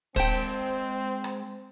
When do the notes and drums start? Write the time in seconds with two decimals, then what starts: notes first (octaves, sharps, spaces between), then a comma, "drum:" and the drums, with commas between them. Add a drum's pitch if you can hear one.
0.16 G#3 C4 C5 G5 A5, drum: kick
1.24 drum: rim click